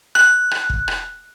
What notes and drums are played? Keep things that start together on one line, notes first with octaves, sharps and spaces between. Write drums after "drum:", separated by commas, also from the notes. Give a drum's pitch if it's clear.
F#6, drum: rim click
drum: rim click
drum: kick
drum: rim click